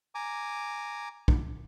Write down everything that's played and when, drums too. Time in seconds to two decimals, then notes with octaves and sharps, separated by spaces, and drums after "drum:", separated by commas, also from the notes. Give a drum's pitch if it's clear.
0.15 G#5 A#5 D6
1.28 drum: kick